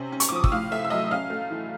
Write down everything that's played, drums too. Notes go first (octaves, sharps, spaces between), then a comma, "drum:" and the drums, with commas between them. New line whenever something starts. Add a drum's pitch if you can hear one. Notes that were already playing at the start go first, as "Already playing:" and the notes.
Already playing: C3 C#4
C#4
C#6, drum: hi-hat
D6
F3 D#6
E6, drum: kick
A2 F5 F6
A3 E5 E6
E6
F#3 D#5 D#6
C#4 F5 F6
A3
E3